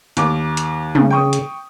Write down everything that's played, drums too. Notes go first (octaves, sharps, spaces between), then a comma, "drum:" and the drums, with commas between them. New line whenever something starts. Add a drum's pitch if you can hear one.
D#2 D6, drum: hi-hat
drum: hi-hat
C#3, drum: tom
G5 C#6 D#6
drum: hi-hat